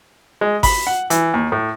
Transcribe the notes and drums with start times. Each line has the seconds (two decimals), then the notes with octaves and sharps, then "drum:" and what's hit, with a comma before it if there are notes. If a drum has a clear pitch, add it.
0.41 G#3
0.63 B5, drum: kick G#1, open hi-hat
0.87 F#5
1.10 E3, drum: hi-hat
1.34 D#2
1.52 A2